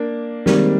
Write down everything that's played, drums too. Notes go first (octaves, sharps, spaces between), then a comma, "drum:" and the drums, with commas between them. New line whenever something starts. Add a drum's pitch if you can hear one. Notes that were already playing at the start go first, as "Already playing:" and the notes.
Already playing: A#3 D4
D#3 G3 G#3 A#3 C4 D#4 G4, drum: snare